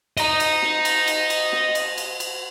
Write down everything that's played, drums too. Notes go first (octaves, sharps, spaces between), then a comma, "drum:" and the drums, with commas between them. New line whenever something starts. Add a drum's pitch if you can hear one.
D#5 A#5, drum: cymbal
drum: cymbal
drum: snare
drum: cymbal
drum: cymbal
drum: cymbal
drum: snare
drum: cymbal
drum: cymbal
drum: cymbal